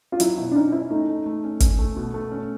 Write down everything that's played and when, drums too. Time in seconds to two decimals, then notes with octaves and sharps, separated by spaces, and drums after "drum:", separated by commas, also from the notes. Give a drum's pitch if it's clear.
0.12 F4
0.20 F#3 E4, drum: hi-hat
0.37 B2 E4
0.51 D4
0.55 C#4 D#4
0.72 C#4 E4
0.90 A3 D#4
1.09 A3
1.26 A3
1.44 C#4
1.60 C#4, drum: kick, hi-hat
1.78 A3
1.96 B2
2.14 A3
2.31 C#4